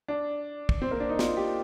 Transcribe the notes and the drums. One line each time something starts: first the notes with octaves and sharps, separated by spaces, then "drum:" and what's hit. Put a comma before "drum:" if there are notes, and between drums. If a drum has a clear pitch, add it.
D4
drum: kick
C4
A#3
D4
D#4
F4, drum: snare
G4